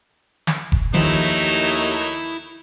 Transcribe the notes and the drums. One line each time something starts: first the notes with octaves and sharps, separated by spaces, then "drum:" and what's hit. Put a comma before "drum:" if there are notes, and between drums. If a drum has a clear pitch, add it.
drum: snare
drum: kick F1
D#2 D#3 F3 F#3 A3 D#4 E4